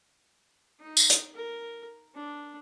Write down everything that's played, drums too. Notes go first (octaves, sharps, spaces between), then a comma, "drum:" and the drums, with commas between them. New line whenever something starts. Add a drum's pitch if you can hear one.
D#4
drum: tambourine
drum: hi-hat
A#4
D4